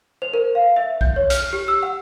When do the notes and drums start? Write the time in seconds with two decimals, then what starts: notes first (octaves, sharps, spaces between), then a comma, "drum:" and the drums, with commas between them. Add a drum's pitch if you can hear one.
0.22 C5
0.34 A#4
0.55 F5
0.76 E5
1.01 G6, drum: kick B1
1.16 C#5
1.30 F6, drum: hi-hat
1.53 G4
1.68 E6
1.83 F#5